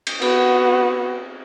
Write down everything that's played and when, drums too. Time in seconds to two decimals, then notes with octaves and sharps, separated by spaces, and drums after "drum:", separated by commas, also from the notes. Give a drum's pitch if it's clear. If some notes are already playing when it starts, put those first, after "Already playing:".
0.07 drum: cymbal
0.22 B3 F#4, drum: cymbal